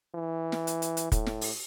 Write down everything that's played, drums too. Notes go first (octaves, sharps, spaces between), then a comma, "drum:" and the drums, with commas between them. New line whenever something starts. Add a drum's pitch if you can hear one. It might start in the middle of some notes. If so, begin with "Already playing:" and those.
E3
drum: snare
drum: hi-hat
drum: hi-hat
drum: hi-hat
A2, drum: kick, hi-hat
drum: snare
drum: open hi-hat